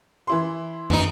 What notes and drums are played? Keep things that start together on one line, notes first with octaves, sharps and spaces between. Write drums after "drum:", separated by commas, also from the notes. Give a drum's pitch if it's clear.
E3 E4 C6
E3 D#4, drum: tom